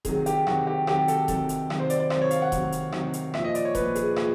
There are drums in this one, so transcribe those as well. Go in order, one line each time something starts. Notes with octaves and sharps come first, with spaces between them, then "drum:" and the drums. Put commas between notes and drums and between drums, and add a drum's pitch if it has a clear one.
C3 D#3 F#3 G#4, drum: kick D#1, hi-hat
G4, drum: hi-hat
C3 D#3 F#3 F#4, drum: rim click
G4
C3 D#3 F#3 G4, drum: rim click
A4, drum: hi-hat
C3 D#3 F#3 A4, drum: kick D#1, hi-hat
drum: hi-hat
C3 D#3 F#3, drum: rim click
C5
D5, drum: hi-hat
D5
C3 D#3 F#3 C5, drum: rim click
C#5
F5, drum: hi-hat
F#5
C3 D#3 F#3, drum: kick D#1, hi-hat
drum: hi-hat
C3 D#3 F#3, drum: rim click
drum: hi-hat
A#2 F3 E5, drum: rim click
D#5
D5, drum: hi-hat
C#5
A#2 F3 B4, drum: kick D#1, hi-hat
G#4, drum: hi-hat
A#2 G#4, drum: rim click